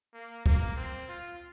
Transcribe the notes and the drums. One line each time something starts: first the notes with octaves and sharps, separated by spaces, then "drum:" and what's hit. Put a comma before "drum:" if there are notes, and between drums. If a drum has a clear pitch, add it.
A#3
A#3, drum: kick
C4
F4